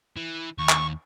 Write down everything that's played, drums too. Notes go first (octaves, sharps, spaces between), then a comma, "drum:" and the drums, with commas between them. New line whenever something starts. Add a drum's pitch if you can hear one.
E3
D#2 C#6
drum: clap